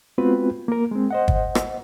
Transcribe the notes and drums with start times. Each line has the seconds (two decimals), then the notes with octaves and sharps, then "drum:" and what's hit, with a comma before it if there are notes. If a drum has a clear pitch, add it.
0.18 G#3 B3 C4 F4 F#4 B4
0.68 A#3 A#4
0.91 G#3 C4
1.11 C5 D#5 F#5
1.28 drum: kick
1.55 drum: rim click